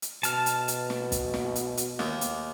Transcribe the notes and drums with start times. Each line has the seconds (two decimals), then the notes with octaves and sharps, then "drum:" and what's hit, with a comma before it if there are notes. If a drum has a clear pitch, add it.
0.02 drum: hi-hat
0.23 B2 A5 F6, drum: hi-hat
0.46 drum: hi-hat
0.68 drum: hi-hat
0.90 drum: snare
1.12 drum: kick, hi-hat
1.34 drum: snare
1.56 drum: hi-hat
1.77 drum: hi-hat
1.99 D#2, drum: snare
2.21 drum: hi-hat